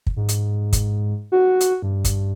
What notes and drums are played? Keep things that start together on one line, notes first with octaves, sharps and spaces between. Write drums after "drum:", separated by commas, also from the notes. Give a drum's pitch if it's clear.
drum: kick
G#2
drum: hi-hat
drum: kick, hi-hat
F#4
drum: hi-hat
G2
drum: kick, hi-hat